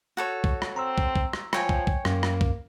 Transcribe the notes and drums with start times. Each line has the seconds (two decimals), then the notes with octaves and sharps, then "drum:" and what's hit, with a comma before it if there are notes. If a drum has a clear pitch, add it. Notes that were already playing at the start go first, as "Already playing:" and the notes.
0.17 F#4 A4 C#5
0.44 drum: kick
0.62 drum: rim click
0.76 C4 A#5 C6 E6
0.98 drum: kick
1.16 drum: kick
1.33 drum: rim click
1.53 F3 C#5 G5 G#5, drum: rim click
1.69 drum: kick
1.87 drum: kick
2.05 F#2 A#3, drum: rim click
2.23 drum: rim click
2.41 drum: kick